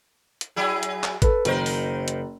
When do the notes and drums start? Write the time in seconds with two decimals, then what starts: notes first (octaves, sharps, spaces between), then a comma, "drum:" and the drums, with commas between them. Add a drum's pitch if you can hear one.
0.41 drum: hi-hat
0.56 F#3 E4 G#4
0.83 drum: hi-hat
1.04 drum: clap
1.22 A4 B4, drum: kick G#1, hi-hat
1.45 F#1 D#3 A#4 C5, drum: hi-hat
1.66 drum: open hi-hat
2.08 drum: hi-hat